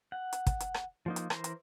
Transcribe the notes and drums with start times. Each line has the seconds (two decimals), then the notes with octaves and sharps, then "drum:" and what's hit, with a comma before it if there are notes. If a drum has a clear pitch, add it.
0.12 F#5
0.33 drum: hi-hat
0.47 drum: kick, hi-hat
0.60 drum: hi-hat
0.74 drum: rim click
1.06 F3 A#3 D#4
1.16 drum: hi-hat
1.30 E3 A#4 C5, drum: rim click
1.44 drum: hi-hat